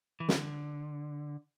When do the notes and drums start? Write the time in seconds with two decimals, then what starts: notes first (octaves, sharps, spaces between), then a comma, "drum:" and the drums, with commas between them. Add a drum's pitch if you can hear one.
0.20 E3
0.29 D3, drum: snare